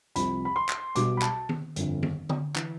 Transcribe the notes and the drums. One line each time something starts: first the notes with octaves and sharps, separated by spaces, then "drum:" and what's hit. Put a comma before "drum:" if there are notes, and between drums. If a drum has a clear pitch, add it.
C2 C3 F3 B5, drum: hi-hat
B5
C6
drum: clap
B1 B2 G3 D6, drum: hi-hat
B5
A5, drum: clap
drum: tom D#3
G1 F2 D3, drum: hi-hat
drum: tom D#3
drum: tom D3
E3, drum: clap